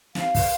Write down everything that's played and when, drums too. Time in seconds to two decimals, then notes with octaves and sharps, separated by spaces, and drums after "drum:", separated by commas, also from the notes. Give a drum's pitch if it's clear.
0.15 F5, drum: snare
0.35 drum: kick, open hi-hat